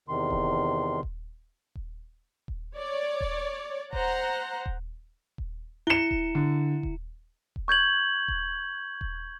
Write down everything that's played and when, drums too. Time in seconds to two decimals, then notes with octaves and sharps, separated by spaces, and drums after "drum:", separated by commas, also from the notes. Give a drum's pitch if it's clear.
0.08 E2 C3 D#3 C6
0.30 drum: kick D#1
1.03 drum: kick D#1
1.75 drum: kick D#1
2.48 drum: kick D#1
2.75 C#5 D5
3.21 drum: kick D#1
3.93 C5 F#5 A#5, drum: kick D#1
4.66 drum: kick D#1
5.38 drum: kick D#1
5.87 E4 C#7 E7 G7
6.11 drum: kick D#1
6.35 D3
6.83 drum: kick D#1
7.56 drum: kick D#1
7.68 C#6 G6 G#6 F#7
8.28 drum: kick D#1
9.01 drum: kick D#1